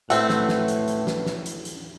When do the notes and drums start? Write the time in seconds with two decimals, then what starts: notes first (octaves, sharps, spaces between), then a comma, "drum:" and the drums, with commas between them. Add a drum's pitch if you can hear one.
0.10 A2 A3 C4 B4 F#5, drum: hi-hat
0.30 drum: snare
0.49 drum: snare
0.68 drum: hi-hat
0.88 drum: hi-hat
1.07 drum: snare
1.26 drum: snare
1.46 drum: hi-hat
1.65 drum: hi-hat